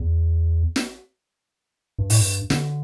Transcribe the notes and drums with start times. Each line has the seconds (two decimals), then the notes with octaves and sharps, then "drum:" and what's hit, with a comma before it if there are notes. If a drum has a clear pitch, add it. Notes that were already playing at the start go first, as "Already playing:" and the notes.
Already playing: E2
0.76 drum: snare
1.98 G2
2.10 A2, drum: open hi-hat
2.20 G2
2.50 D3, drum: snare